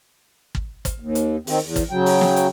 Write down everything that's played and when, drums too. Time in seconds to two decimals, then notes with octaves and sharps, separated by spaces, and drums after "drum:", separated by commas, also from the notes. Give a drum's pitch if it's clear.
0.55 drum: kick
0.85 drum: kick, hi-hat
1.00 D#2
1.15 drum: hi-hat
1.47 D#3 C4, drum: open hi-hat
1.62 E2
1.76 drum: kick, hi-hat
1.91 C#3 F#3 G5
2.06 drum: open hi-hat
2.21 drum: snare
2.36 drum: hi-hat